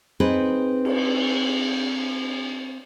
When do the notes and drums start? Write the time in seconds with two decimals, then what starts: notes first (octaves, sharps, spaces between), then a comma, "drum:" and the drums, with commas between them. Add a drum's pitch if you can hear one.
0.20 C4 D#4 G#4 B4
0.85 drum: cymbal